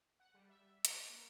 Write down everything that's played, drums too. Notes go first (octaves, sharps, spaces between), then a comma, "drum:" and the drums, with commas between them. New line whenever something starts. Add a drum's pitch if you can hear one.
F#5
G3
E5
F#6, drum: hi-hat
A#3